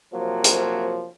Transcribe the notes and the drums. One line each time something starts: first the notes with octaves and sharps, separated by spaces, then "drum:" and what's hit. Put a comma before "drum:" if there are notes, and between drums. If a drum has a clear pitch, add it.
C3 F3 F#3 A#3
drum: hi-hat